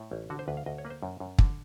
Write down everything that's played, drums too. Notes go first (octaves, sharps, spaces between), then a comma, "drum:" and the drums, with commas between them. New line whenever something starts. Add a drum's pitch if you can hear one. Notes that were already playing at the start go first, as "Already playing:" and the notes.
Already playing: A2
A1
D3 F#4
C5
D2 B4
F5
D2 D#5
C#5
A#3 B4
C5
F#2
F#2
D3, drum: kick